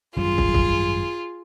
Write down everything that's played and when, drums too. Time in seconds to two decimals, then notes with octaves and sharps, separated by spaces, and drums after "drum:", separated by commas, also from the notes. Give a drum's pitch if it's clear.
0.17 G#1 F#2 G3 F4 G#4
0.38 drum: kick
0.54 drum: kick